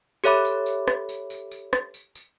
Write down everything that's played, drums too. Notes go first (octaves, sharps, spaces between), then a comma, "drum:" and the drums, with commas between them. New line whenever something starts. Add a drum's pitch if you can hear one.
G4 A4 C#5 E5 B5 D6, drum: tambourine
drum: tambourine
drum: tambourine
drum: rim click
drum: tambourine
drum: tambourine
drum: tambourine
drum: rim click
drum: tambourine
drum: tambourine